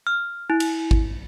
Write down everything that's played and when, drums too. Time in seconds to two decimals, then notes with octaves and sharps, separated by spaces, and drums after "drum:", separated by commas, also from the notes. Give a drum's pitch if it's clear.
0.07 F6
0.50 E4
0.60 drum: cymbal
0.91 drum: kick G#1